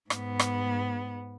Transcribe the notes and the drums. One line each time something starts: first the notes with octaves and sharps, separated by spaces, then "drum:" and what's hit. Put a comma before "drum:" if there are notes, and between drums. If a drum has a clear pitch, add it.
G#2 B3, drum: rim click
drum: rim click